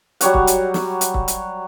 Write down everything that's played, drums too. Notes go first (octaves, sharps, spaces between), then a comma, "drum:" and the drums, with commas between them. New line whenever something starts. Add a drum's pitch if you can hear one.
F#3 G3 C#5 F#5, drum: hi-hat
drum: kick
drum: hi-hat
drum: snare
drum: hi-hat
drum: kick
drum: hi-hat